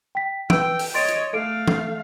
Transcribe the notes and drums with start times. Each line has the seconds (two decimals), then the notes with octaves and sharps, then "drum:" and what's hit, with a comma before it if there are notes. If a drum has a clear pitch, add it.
0.15 G5 B6
0.50 B4 G5 E6 D7, drum: tom
0.79 drum: open hi-hat
0.94 C#5 D#5 C6 A6 D7
1.08 drum: hi-hat
1.33 A3 A4 F5 D7
1.68 A4, drum: tom